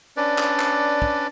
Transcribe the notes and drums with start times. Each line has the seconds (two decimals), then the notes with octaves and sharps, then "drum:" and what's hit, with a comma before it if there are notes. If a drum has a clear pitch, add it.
0.17 C#4 D4 B4 D5
0.38 drum: clap
0.59 drum: clap
1.02 drum: kick